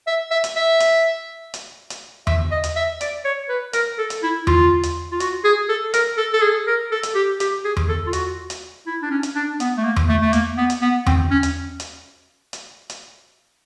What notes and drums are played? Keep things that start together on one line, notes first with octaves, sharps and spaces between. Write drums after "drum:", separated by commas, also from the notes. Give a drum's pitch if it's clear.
E5
E5
drum: hi-hat
E5
drum: hi-hat
drum: hi-hat
drum: hi-hat
E5, drum: tom E2
D#5
drum: hi-hat
E5
D5, drum: hi-hat
C#5
B4
A#4, drum: hi-hat
A4
drum: hi-hat
E4
F4, drum: tom E2
drum: hi-hat
F4
F#4, drum: hi-hat
G#4
A4
A#4, drum: hi-hat
A4
A4
G#4
A#4
A4
drum: hi-hat
G4
G4, drum: hi-hat
G#4
drum: tom E2
A4
F4
F#4, drum: hi-hat
drum: hi-hat
E4
D4
C#4
drum: hi-hat
D4
B3, drum: hi-hat
A3
A#3
drum: tom E2
A3
A3
A#3, drum: hi-hat
B3
drum: hi-hat
B3
C4, drum: tom E2
C#4
drum: hi-hat
drum: hi-hat
drum: hi-hat
drum: hi-hat